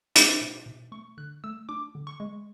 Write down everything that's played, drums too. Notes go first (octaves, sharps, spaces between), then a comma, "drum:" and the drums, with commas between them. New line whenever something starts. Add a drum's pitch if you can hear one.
A3 B5, drum: hi-hat
B2
B2
A3 C#6
D3 F#6
A3 E6
D4 D6
D3
C#6
G#3